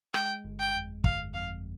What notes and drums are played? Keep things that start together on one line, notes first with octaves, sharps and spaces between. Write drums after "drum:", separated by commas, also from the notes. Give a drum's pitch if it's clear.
G#3 G5, drum: rim click
G1
G5
F2
G1 F5, drum: kick
F2 F5